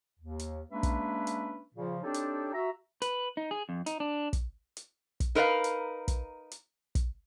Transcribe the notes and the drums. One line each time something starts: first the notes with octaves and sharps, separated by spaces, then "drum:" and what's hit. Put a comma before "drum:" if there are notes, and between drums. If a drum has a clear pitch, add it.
D#2
drum: hi-hat
G#3 A#3 C#4 D4 B4 E5
drum: kick, hi-hat
drum: hi-hat
A#2 C#3 F3
C4 D4 D#4 G4 A4 C#5
drum: hi-hat
F#4 E5 A#5
B4, drum: hi-hat
D#4
G#4
F2
D#4, drum: hi-hat
D4
drum: kick, hi-hat
drum: hi-hat
drum: kick, hi-hat
D#4 A#4 B4 D#5 F5
drum: hi-hat
drum: kick, hi-hat
drum: hi-hat
drum: kick, hi-hat